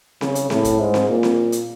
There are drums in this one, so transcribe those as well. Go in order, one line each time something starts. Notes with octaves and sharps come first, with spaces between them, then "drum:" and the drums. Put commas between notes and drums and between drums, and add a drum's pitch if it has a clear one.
C#3, drum: snare C4
drum: hi-hat
A2, drum: snare C4
drum: kick, hi-hat
G#2
drum: snare C4
A#2
drum: snare C4
drum: hi-hat